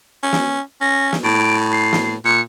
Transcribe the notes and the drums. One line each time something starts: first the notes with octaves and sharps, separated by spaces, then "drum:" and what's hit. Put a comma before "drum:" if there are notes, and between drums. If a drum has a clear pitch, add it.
C#4
drum: snare
C#4 A#6
drum: snare
A2 D7
C7
drum: snare
A#2 C#7